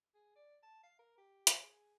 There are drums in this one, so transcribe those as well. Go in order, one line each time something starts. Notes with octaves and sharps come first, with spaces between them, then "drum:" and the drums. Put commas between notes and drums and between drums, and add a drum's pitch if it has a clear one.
G#4
D5
A5
F5
A#4
G4
drum: hi-hat
G#4